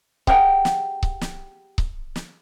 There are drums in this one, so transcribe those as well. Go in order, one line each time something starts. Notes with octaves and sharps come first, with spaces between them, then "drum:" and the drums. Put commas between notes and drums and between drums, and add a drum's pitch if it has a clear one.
G4 G#4 A#4 F#5 G5, drum: kick C#1
drum: snare
drum: kick C#1
drum: snare
drum: kick C#1
drum: snare